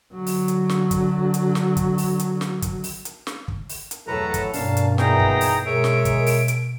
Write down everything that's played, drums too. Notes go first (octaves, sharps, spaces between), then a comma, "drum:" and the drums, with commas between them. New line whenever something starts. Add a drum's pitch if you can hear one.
D3 F#3
drum: open hi-hat
drum: hi-hat
drum: snare
drum: kick, hi-hat
drum: hi-hat
drum: snare
drum: kick, hi-hat
drum: open hi-hat
drum: hi-hat
drum: snare
drum: kick, hi-hat
drum: open hi-hat
drum: hi-hat
drum: snare
drum: kick
drum: open hi-hat
drum: hi-hat
E2 A2 E3 F#3 A4 B4 A#5
drum: kick, hi-hat
G2 B2 A#3 C#4 D4 F5 A5, drum: open hi-hat
drum: hi-hat
A#2 E3 B3 D#4 G#4 G5 A#5, drum: snare
drum: kick
drum: open hi-hat
B2 G#3 A#4 C#5 E5 D7
drum: snare
drum: kick, hi-hat
drum: open hi-hat
drum: hi-hat